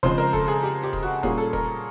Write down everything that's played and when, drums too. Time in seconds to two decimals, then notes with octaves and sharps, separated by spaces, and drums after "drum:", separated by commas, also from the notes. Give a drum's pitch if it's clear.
0.03 C#3 F3 G#3 C4 C5, drum: kick E1
0.18 A#4
0.33 A4, drum: kick E1
0.48 G#4
0.63 G4
0.83 G4
0.93 drum: kick E1
1.03 F#4
1.23 A#2 G3 A#3 C#4 G#4, drum: kick E1
1.38 A4
1.53 A#4, drum: kick E1